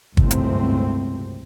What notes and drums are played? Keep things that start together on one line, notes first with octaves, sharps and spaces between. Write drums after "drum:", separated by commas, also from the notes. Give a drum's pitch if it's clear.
G1 C#2 F#2 A2 C3 C4, drum: kick G1
drum: hi-hat